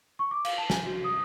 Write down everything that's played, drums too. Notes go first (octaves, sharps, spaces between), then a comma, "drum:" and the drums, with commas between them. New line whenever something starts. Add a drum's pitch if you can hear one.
C#6
D6
F5, drum: cymbal
A5
G#5, drum: snare
F#4
D#6